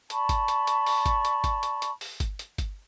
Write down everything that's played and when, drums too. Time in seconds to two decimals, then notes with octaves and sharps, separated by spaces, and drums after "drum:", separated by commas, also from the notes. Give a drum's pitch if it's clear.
0.10 D5 A5 B5 C#6, drum: hi-hat
0.29 drum: kick G1, hi-hat
0.48 drum: hi-hat
0.67 drum: hi-hat
0.86 drum: open hi-hat
1.06 drum: kick G1, hi-hat
1.25 drum: hi-hat
1.44 drum: kick G1, hi-hat
1.63 drum: hi-hat
1.82 drum: hi-hat
2.01 drum: open hi-hat
2.20 drum: kick G1, hi-hat
2.39 drum: hi-hat
2.58 drum: kick G1, hi-hat